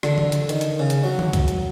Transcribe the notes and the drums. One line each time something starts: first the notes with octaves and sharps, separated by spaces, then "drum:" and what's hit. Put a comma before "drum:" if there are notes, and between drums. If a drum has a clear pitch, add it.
D3, drum: rim click
drum: tom D3
drum: hi-hat
D#3, drum: hi-hat
drum: hi-hat
C#3
drum: hi-hat
F#3
drum: tom D3
drum: kick C#2, hi-hat
drum: hi-hat